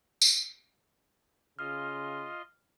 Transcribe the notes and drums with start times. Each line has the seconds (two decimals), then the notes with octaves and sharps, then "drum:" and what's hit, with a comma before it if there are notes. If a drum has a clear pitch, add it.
0.22 drum: tambourine
1.59 C#3 F4 D#5 C6 F6